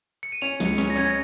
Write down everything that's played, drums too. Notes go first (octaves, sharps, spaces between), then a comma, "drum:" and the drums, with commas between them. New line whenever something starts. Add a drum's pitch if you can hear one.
C#7
D#7
C#4 F7
C#2, drum: snare
C#7
C#4, drum: snare
A#6
C#4 G#6
A#6